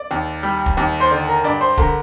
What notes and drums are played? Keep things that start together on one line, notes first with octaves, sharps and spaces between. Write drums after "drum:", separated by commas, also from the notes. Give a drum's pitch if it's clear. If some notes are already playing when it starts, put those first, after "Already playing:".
Already playing: D5
D#2
G3
drum: kick
D#2
C5
D3 D5
A#4
G2 D5
C5
D3 A#4, drum: kick